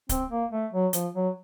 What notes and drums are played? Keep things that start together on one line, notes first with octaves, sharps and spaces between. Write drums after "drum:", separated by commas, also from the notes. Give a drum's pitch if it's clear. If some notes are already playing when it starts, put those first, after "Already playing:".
C4, drum: kick C#1, hi-hat
A#3
A3
F#3
F3, drum: hi-hat
F#3